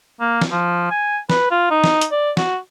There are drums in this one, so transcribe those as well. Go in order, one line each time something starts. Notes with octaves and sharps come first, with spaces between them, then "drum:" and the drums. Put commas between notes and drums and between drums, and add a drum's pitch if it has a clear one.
A#3
drum: snare
F3
G#5
B4, drum: snare
F4
D#4
drum: snare
drum: hi-hat
D5
F#4, drum: snare